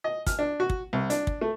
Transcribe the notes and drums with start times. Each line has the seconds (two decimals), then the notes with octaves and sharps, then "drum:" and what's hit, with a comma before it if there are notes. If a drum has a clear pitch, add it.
0.04 D#5
0.27 F6, drum: kick, hi-hat
0.39 D4
0.60 F#4
0.70 drum: kick
0.93 C2
1.10 D4, drum: hi-hat
1.27 drum: kick
1.41 A3